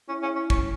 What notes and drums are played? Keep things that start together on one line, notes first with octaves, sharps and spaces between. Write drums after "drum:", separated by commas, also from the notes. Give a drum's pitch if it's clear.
C#4 E4
C#4
C#4
C#4, drum: kick